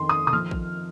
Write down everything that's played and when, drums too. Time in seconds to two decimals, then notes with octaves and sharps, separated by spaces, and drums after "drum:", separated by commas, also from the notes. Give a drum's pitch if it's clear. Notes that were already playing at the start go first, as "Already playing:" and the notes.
Already playing: F2 D#3 C6
0.09 D#6
0.27 D#6, drum: tom A#2
0.33 F3 F6
0.51 drum: kick